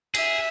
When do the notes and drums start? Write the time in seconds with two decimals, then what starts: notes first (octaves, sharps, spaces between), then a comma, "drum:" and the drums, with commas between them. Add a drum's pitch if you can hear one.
0.15 G#4 E5, drum: cymbal